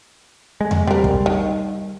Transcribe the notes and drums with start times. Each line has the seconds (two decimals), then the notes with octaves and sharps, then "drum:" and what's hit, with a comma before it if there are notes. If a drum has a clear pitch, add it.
0.61 G#3
0.71 drum: tom E2
0.87 G3 C4 A#4
1.04 drum: kick
1.26 D#3